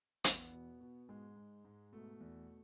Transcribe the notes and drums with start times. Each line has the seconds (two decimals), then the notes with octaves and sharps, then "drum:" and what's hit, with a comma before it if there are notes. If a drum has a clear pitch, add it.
0.24 E2 B3, drum: hi-hat
0.52 B2
0.80 B2
1.09 G#2 G#3
1.36 G#2
1.65 G#2
1.92 B2 A3
2.21 E2